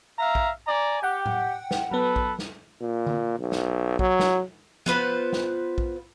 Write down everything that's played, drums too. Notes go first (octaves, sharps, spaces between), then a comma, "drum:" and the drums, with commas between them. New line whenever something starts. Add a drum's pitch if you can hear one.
E5 F5 A#5
drum: kick A#1
D5 G#5 A#5
G4 F#5 G5
drum: tom A2
drum: snare
F#3 B3 A4 B4
drum: kick A#1
drum: snare
A#2
drum: tom D3
B1
drum: snare
F#3, drum: kick A#1
drum: snare
B3 F4 B4 C5, drum: tom
drum: snare
drum: kick A#1